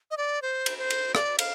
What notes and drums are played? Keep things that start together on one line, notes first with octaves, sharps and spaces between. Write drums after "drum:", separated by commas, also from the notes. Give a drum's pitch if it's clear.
D#5
D5
C5
drum: cymbal
C5
drum: cymbal
D5, drum: rim click
F5, drum: cymbal